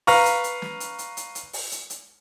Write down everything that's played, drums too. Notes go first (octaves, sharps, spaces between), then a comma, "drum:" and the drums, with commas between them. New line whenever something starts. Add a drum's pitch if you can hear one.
B4 F5 A#5 C#6, drum: open hi-hat
drum: hi-hat
drum: hi-hat
drum: snare
drum: hi-hat
drum: hi-hat
drum: hi-hat
drum: hi-hat
drum: open hi-hat
drum: hi-hat
drum: hi-hat